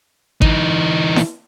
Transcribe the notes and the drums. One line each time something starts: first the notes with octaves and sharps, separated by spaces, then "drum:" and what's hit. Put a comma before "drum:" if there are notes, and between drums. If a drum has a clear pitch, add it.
E3 D#4, drum: kick G#1
drum: snare E4